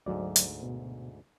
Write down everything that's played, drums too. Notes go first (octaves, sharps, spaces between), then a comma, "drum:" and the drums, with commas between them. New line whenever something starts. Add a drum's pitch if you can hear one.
D2 G#2 F#3 D5
drum: hi-hat
B2